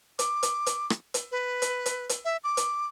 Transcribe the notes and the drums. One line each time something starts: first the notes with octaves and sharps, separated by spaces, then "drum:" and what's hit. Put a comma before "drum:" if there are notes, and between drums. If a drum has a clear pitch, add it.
D6, drum: hi-hat
drum: hi-hat
drum: hi-hat
drum: rim click
drum: hi-hat
B4
drum: hi-hat
drum: hi-hat
drum: hi-hat
E5
D6
drum: hi-hat